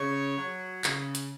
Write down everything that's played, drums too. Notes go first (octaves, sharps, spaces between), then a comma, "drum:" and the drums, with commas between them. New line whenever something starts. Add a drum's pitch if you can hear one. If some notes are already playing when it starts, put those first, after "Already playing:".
Already playing: C#3 C#5
F#3
C#3, drum: clap
drum: hi-hat